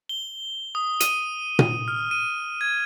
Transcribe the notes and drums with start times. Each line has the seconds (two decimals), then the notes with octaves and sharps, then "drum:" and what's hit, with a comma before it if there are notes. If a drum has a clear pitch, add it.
0.09 G7
0.75 D#6
1.00 D#7, drum: hi-hat
1.59 drum: tom A#2
1.88 F6
2.11 D#7
2.61 G#6